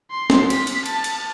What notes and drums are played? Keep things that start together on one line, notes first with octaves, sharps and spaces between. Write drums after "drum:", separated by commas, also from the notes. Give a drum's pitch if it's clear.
C6
drum: snare
B6, drum: cymbal
drum: cymbal
A5, drum: cymbal
drum: cymbal